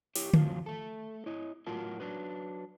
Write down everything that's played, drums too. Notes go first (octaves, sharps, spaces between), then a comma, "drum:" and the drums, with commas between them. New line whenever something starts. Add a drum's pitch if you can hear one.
E4 G4 C#5, drum: open hi-hat
F2 A2 F3 F#3 F4, drum: tom D3
A3 A4
E4 C#5 D#5
A2 F#3 F4 F#4 A#4 A5
F#3 D4 B4